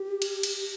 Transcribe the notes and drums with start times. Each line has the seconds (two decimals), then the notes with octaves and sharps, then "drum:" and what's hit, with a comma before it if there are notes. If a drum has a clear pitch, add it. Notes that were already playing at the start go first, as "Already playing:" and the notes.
Already playing: G4
0.22 drum: cymbal
0.43 drum: cymbal